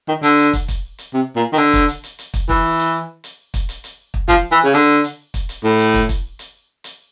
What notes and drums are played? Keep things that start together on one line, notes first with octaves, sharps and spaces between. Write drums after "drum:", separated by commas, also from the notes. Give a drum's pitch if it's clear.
D#3
D3, drum: hi-hat
drum: hi-hat
drum: kick, hi-hat
drum: kick, hi-hat
drum: hi-hat
C3
A#2
D#3
D3
drum: kick, hi-hat
drum: hi-hat
drum: hi-hat
drum: hi-hat
drum: kick, hi-hat
E3, drum: kick
drum: hi-hat
drum: hi-hat
drum: kick, hi-hat
drum: hi-hat
drum: hi-hat
drum: kick
F3, drum: kick, hi-hat
E3
C#3
D3
drum: hi-hat
drum: kick, hi-hat
drum: hi-hat
A2
drum: hi-hat
drum: kick, hi-hat
drum: kick, hi-hat
drum: hi-hat
drum: hi-hat